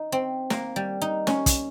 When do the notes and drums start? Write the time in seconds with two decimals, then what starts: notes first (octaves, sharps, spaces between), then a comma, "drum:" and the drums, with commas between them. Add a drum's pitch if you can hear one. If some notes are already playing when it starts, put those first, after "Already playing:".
Already playing: D#4
0.12 C4
0.50 A#3, drum: snare
0.76 G3
1.02 D#4
1.27 C#4, drum: snare
1.46 drum: kick, hi-hat